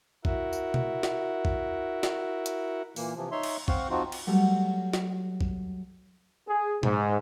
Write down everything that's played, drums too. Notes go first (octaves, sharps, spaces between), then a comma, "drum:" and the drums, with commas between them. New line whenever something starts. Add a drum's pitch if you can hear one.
E4 F#4 A#4 E5 F#5, drum: kick
drum: tambourine
drum: tom B2
drum: snare
drum: kick
drum: snare
drum: hi-hat
A#2 E3 A#3, drum: open hi-hat
C3 E3 F3
D#4 C#5 E5 C6
drum: cymbal
C4 C5 F5 F#5 C#6, drum: kick
F3 C4 D#4 F4 F#4
drum: cymbal
F#3 G3 A3
drum: snare
drum: kick
G#4
G#2, drum: tom A#2